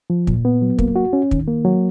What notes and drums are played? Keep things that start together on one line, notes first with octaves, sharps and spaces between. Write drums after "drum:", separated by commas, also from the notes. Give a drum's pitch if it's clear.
F3
A#2, drum: kick
B3
F#3
A#3, drum: kick
F#4
C#4
D#3, drum: kick
A#3
F#3